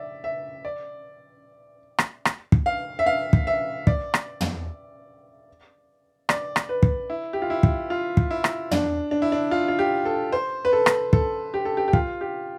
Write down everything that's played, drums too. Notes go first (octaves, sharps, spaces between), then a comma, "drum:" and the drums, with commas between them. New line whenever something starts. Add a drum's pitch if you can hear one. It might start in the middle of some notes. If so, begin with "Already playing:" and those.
Already playing: D5 E5
E5
D5
drum: rim click
drum: rim click
drum: kick
F5
E5
F5
drum: kick
E5
D5, drum: kick
drum: rim click
drum: tom
D5, drum: rim click
drum: rim click
B4
drum: kick
E4
G4
F4
E4
drum: kick
F4
drum: kick
E4
drum: rim click
D4, drum: tom
D4
E4
D4
F4
F4
G4
A4
C5
B4
A4
drum: rim click
A4, drum: kick
G4
A4
G4
G4
F4, drum: kick
G4